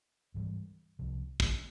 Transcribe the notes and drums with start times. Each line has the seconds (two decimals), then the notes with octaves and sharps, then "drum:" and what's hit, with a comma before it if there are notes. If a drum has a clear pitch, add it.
0.34 G#2 E3 G3
0.99 C2 C3 F3
1.40 drum: kick